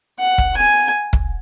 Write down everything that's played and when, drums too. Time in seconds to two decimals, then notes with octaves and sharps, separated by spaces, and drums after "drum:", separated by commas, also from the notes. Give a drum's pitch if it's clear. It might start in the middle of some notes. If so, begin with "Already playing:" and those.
0.20 F#5
0.38 drum: kick
0.57 G#5
1.13 drum: kick